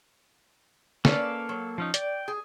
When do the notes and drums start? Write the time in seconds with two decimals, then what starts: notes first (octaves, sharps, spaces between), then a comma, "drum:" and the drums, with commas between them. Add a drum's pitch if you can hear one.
1.05 A#3 C#4 A4 B4 D5 F5, drum: snare
1.49 F#3
1.78 F3 C#4 D#4
1.94 D5 G5, drum: hi-hat
2.28 G#4